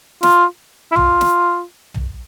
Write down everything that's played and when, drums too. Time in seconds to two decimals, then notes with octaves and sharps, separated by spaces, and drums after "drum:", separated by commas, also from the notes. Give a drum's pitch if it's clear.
0.23 F4, drum: snare
0.92 E4
0.96 F4, drum: tom
1.21 drum: snare
1.94 drum: tom